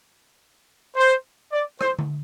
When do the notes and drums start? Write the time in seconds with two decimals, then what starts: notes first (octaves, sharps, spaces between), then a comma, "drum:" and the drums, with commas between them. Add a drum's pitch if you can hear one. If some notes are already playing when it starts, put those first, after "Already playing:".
0.96 C5
1.52 D5
1.81 C5, drum: rim click
1.99 drum: tom D3